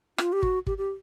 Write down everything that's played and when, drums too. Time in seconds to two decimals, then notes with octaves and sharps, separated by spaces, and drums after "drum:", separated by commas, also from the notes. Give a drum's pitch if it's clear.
0.18 F4, drum: rim click
0.33 G4
0.43 F#4, drum: kick
0.67 G4, drum: kick
0.78 G4